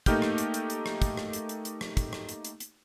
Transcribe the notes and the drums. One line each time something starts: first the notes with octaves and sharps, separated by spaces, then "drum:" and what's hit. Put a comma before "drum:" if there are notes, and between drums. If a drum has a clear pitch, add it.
A3 A#3 D#4 G4 F6 G6, drum: kick, hi-hat
drum: rim click
drum: hi-hat
drum: hi-hat
drum: hi-hat
drum: rim click
drum: kick, hi-hat
drum: rim click
drum: hi-hat
drum: hi-hat
drum: hi-hat
drum: rim click
drum: kick, hi-hat
drum: rim click
drum: hi-hat
drum: hi-hat
drum: hi-hat